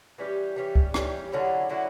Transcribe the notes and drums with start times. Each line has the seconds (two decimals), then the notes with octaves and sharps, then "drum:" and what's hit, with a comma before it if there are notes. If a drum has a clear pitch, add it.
0.18 E3 G3 C#4 G4
0.56 E3 G3 C#4 G4
0.75 drum: kick C#2
0.94 E3 G3 C#4 G4, drum: rim click
1.32 D3 F#3 C#4 E4
1.70 D3 F#3 C#4 E4